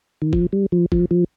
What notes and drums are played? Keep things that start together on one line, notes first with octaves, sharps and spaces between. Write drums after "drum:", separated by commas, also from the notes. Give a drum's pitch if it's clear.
D#3
F3, drum: kick
G3
F3
F3, drum: kick
F3